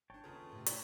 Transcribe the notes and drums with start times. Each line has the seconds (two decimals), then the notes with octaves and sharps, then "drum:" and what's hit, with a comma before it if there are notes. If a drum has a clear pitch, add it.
0.10 G1 D4 C#5 G5 A5
0.24 D#2 C#3 B3 F4 G#4 A4 B4 A#5
0.52 A2 C3
0.66 drum: hi-hat